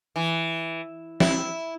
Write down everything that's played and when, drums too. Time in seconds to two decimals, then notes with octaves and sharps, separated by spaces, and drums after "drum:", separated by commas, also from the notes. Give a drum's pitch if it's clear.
0.16 E3
1.20 E4, drum: snare